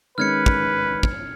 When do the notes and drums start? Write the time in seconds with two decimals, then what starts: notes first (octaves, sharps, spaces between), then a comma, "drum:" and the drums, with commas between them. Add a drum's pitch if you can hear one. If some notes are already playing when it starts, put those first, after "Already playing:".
0.18 D#3 G#3 C#4 B4 F6 G#6 C#7
0.46 drum: kick
1.03 drum: kick